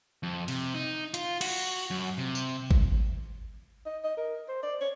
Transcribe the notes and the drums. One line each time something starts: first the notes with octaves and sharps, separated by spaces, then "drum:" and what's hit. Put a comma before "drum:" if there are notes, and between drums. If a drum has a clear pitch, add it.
F2
C3, drum: cymbal
D#4
F4, drum: hi-hat
F#4, drum: cymbal
F#2
C3
drum: tambourine
drum: kick G#1
D#5
D#5
A#4
C5
D5
C#5